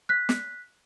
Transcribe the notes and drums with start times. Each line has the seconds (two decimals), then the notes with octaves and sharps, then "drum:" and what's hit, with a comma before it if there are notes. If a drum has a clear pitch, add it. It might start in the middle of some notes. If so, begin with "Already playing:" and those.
0.09 F#6 B6
0.29 drum: snare